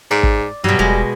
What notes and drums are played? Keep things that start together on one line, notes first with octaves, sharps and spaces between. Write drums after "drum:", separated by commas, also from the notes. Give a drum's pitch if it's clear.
G#2 D5
drum: kick
G2 B2 F#3 G3
E1 G#3